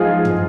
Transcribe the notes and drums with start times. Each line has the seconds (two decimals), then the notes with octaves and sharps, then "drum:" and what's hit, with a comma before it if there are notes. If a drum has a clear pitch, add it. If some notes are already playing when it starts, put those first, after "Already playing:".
Already playing: G#2 F3 D#4 F4 G#4
0.25 drum: tom